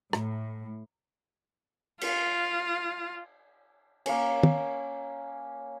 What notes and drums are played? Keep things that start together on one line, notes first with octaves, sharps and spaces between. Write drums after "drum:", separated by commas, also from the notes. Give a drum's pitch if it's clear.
A2, drum: rim click
F4, drum: cymbal
A#3 C#4, drum: cymbal
drum: tom